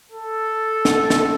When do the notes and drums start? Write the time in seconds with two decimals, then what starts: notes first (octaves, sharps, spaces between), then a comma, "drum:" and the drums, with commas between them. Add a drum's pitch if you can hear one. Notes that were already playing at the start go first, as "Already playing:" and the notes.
0.12 A4
0.85 drum: snare
1.10 drum: snare